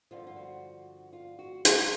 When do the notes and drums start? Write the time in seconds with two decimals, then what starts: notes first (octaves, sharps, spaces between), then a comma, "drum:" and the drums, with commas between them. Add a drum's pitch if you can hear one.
0.11 G2 D3 F3 F4
0.27 F4
0.36 F#4
1.13 F4
1.39 F#4
1.65 F4, drum: hi-hat